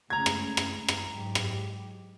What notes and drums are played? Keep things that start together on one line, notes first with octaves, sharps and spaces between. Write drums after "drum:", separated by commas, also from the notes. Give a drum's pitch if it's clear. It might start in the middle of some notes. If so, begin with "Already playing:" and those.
C#3 G#3 A3 A#5 G#6
drum: rim click
drum: rim click
drum: rim click
G#2 F#3 G4
drum: rim click